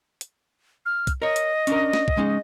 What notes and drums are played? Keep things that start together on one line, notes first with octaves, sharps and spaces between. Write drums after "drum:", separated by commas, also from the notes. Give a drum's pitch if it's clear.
drum: hi-hat
F6
drum: kick, hi-hat
A#4 C#5 D#5
drum: hi-hat
C#4 D4 A#4, drum: hi-hat
drum: snare
drum: kick
G#3 C#4 D#4